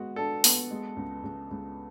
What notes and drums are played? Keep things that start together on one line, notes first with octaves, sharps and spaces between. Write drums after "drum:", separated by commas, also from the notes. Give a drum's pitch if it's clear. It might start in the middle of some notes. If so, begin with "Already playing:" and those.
Already playing: G#3 B3 F#4
D4 A4
B3, drum: open hi-hat
G#3
C#2
C#2
C#2